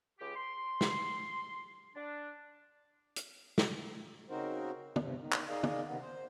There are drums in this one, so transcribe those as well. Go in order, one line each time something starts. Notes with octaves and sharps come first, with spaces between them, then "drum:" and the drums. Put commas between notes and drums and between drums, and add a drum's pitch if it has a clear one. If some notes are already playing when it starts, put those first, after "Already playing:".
C#2 G4
C6
drum: snare
D4
drum: hi-hat
drum: snare
C#3 C4 D#4 F#4 A#4 C5
E2 G2 C3, drum: tom
D#3
drum: clap
D#4 G#4 A#4 D5 D#5 F5
drum: tom
C3 D#3 B3
C5